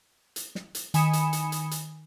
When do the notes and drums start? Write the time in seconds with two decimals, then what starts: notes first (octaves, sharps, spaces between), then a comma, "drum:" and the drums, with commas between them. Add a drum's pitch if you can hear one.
0.36 drum: hi-hat
0.55 drum: snare
0.75 drum: hi-hat
0.94 D#3 G#5 B5 D#6 C#7 E7, drum: hi-hat
1.13 drum: hi-hat
1.33 drum: hi-hat
1.52 drum: hi-hat
1.71 drum: hi-hat